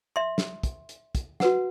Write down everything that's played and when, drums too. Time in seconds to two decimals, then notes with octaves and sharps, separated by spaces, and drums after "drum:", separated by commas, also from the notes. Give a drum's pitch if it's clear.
0.16 E5 C6
0.38 drum: snare
0.63 drum: kick, hi-hat
0.89 drum: hi-hat
1.15 drum: kick, hi-hat
1.40 F#4 B4 F#5, drum: snare